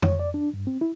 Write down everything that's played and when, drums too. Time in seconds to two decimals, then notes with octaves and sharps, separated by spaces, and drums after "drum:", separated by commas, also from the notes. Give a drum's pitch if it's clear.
0.02 C#5, drum: tom F2
0.20 D5
0.34 D4
0.54 G2
0.67 C4
0.81 E4